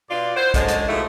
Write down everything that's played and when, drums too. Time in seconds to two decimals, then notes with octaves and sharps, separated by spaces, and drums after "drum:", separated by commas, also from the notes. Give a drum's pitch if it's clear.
0.10 B2 F4 D5
0.36 E4 F#4 C5
0.54 F#2 A2 D3 G#3, drum: kick, hi-hat
0.68 drum: hi-hat
0.87 G#2 B2 F3 A3 E4